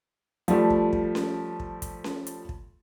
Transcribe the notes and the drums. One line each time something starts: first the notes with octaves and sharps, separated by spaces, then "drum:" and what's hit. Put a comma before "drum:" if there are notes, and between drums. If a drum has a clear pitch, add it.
F3 G3 A3, drum: hi-hat
drum: kick
drum: kick
drum: snare C#4
drum: kick
drum: kick, hi-hat
drum: snare C#4
drum: hi-hat
drum: kick